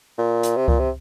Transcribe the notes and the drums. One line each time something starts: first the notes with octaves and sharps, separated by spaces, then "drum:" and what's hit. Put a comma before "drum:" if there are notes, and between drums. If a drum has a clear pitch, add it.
A#2
drum: hi-hat
C3
A#2, drum: kick C#2
C3